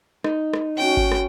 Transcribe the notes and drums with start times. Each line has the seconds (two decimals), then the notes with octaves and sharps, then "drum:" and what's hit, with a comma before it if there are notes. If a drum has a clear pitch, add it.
0.24 D#4, drum: rim click
0.53 drum: rim click
0.78 C#4 F#4 G5
0.97 drum: kick G#1
1.12 drum: rim click